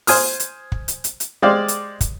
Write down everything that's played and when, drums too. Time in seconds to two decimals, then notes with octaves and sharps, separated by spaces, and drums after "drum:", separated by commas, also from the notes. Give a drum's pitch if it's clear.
0.07 C5 G#5 D#6 F6, drum: open hi-hat
0.40 drum: hi-hat
0.72 drum: kick
0.88 drum: hi-hat
1.04 drum: hi-hat
1.20 drum: hi-hat
1.42 G#3 G4 C5 D5 F5
1.68 drum: hi-hat
2.01 drum: kick, hi-hat